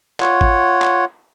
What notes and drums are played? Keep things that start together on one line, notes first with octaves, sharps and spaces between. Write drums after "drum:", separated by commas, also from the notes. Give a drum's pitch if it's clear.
F4 C#5 F#5, drum: clap
drum: kick G#1
drum: clap